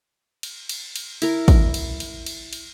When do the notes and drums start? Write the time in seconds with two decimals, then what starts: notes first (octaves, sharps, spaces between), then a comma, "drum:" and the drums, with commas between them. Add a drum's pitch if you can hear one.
0.43 drum: cymbal
0.69 drum: cymbal
0.96 drum: cymbal
1.22 E4 A#4, drum: cymbal
1.48 drum: kick, cymbal
1.74 drum: cymbal
2.00 drum: cymbal
2.26 drum: cymbal
2.53 drum: cymbal